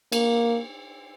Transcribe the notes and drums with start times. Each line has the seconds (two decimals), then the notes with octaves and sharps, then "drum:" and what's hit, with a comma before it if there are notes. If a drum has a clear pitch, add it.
0.12 A#3, drum: cymbal